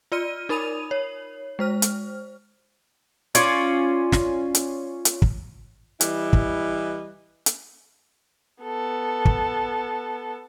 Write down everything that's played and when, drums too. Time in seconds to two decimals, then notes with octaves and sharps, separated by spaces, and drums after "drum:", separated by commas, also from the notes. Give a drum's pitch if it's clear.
0.12 F4 D5 F6 D#7
0.49 D#4 A#4 B5 D#6 D#7 F7
0.91 C#5
1.59 G#3 C5 F6
1.82 drum: hi-hat
3.35 C#4 F4 D5, drum: hi-hat
4.12 drum: snare
4.55 drum: hi-hat
5.05 drum: hi-hat
5.22 drum: kick
6.01 E3 G3 E4 D#5, drum: hi-hat
6.33 drum: kick
7.46 drum: hi-hat
8.63 B3 A4
9.25 drum: kick